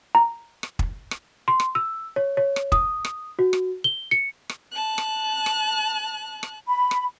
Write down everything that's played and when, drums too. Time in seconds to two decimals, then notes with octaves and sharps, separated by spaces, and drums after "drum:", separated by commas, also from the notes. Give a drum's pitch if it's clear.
0.15 A#5
0.63 drum: rim click
0.79 drum: kick
1.11 drum: rim click
1.48 C6
1.60 drum: rim click
1.75 E6
2.16 C#5
2.37 C#5
2.56 drum: rim click
2.72 D#6, drum: kick
3.05 drum: rim click
3.39 F#4
3.53 drum: rim click
3.84 G7
4.11 C#7
4.49 drum: rim click
4.72 A5 F#6
4.98 drum: rim click
5.46 drum: rim click
6.43 drum: rim click
6.66 B5
6.91 drum: rim click